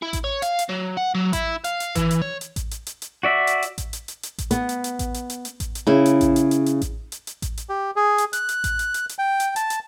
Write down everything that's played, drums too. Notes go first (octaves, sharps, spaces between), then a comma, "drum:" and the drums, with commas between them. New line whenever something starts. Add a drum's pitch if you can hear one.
E4
drum: kick A1, hi-hat
C#5
F5, drum: hi-hat
drum: hi-hat
F#3
F#5
F#3
E4, drum: kick A1, hi-hat
F5, drum: hi-hat
drum: hi-hat
E3, drum: kick A1, hi-hat
drum: hi-hat
C#5
drum: hi-hat
drum: kick A1, hi-hat
drum: hi-hat
drum: hi-hat
drum: hi-hat
F#4 D5 E5
drum: hi-hat
drum: hi-hat
drum: kick A1, hi-hat
drum: hi-hat
drum: hi-hat
drum: hi-hat
drum: kick A1, hi-hat
B3, drum: hi-hat
drum: hi-hat
drum: hi-hat
drum: kick A1, hi-hat
drum: hi-hat
drum: hi-hat
drum: hi-hat
drum: kick A1, hi-hat
drum: hi-hat
C#3 E4
drum: hi-hat
drum: kick A1, hi-hat
drum: hi-hat
drum: hi-hat
drum: hi-hat
drum: kick A1, hi-hat
drum: hi-hat
drum: hi-hat
drum: kick A1, hi-hat
drum: hi-hat
G4
G#4
drum: hi-hat
F#6, drum: hi-hat
drum: hi-hat
drum: kick A1, hi-hat
drum: hi-hat
drum: hi-hat
drum: hi-hat
G5
drum: hi-hat
A5, drum: hi-hat
drum: hi-hat